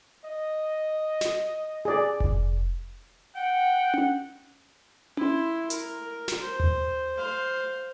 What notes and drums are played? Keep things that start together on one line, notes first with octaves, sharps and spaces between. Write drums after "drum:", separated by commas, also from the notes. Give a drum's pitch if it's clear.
D#5
drum: snare
G#4 D5
drum: kick F1
F#5 G5
drum: tom C#4
E4 C6, drum: tom C#4
A#4, drum: hi-hat
drum: snare
C5
drum: tom D#2
C5 F5